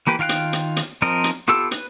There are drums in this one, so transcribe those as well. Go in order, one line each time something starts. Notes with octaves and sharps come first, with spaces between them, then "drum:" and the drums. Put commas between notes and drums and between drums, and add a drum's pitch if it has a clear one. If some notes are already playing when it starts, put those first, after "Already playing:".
E3 A#3 G4 B4
D#3 F4 F5 G5 F#6
drum: hi-hat
drum: hi-hat
drum: hi-hat
F3 C4 A#4 D#5
drum: hi-hat
B3 F4 G4 A4 E6
B4, drum: hi-hat